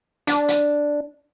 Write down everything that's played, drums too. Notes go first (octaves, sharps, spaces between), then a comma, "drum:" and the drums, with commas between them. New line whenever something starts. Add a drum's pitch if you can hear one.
D4, drum: hi-hat
drum: hi-hat